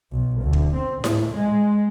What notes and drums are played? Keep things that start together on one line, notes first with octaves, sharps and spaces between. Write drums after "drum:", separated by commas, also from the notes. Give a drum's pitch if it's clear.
B1
D2
drum: kick
C4
A2, drum: snare E4
G#3